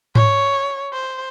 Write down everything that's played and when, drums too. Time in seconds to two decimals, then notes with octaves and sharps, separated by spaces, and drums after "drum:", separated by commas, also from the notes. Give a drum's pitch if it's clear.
0.15 C#5, drum: tom G#2
0.93 C5